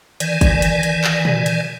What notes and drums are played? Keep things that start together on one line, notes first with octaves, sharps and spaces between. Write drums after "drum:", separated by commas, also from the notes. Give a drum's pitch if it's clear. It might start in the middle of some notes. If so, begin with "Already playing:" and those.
D#3 E3 D5 G#5, drum: hi-hat
drum: kick, hi-hat
drum: hi-hat
drum: hi-hat
drum: clap
drum: tom A#2
drum: hi-hat